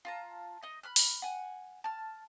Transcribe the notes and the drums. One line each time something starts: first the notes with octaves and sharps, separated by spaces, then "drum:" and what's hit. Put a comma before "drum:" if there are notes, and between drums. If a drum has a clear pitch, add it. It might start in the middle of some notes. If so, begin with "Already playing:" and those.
F4 A5 A#5
D#4 D#5
B5 F6 F#6
drum: open hi-hat
F#5 G#5
A5 F6